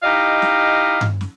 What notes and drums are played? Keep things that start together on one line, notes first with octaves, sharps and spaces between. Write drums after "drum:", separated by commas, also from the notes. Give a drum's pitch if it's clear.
D#4 E4 G4 D#5 F5
drum: snare
drum: tom G2
drum: snare